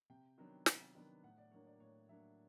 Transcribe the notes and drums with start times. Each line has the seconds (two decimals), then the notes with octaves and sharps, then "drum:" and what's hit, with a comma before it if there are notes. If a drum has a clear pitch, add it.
0.10 C3 G5
0.38 D#3 F#3 B3 D4
0.66 C3, drum: snare
0.95 D#3 F#3 B3 D4
1.23 A2 F#5
1.38 D5
1.52 F#3 A#3 D4 C#5
1.67 D5
1.80 A2 C#5
2.09 F#3 A#3 D4 E5